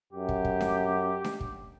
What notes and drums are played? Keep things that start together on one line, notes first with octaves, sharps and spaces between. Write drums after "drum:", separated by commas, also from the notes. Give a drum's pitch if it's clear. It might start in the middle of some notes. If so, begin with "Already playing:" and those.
F#2 G4
drum: kick
drum: kick
drum: snare D4
drum: snare D4
drum: kick